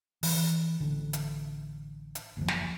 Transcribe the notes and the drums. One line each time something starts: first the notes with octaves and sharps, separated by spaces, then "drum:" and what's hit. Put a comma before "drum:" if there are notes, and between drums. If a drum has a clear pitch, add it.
E3, drum: open hi-hat
A1 D3
drum: hi-hat
drum: hi-hat
F#1 D2 A#2 F3
drum: snare